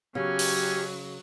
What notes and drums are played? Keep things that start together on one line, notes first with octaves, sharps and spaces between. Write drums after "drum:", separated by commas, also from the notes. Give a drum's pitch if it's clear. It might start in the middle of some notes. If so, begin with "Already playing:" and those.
C#3 F#3 C#4 G4
drum: open hi-hat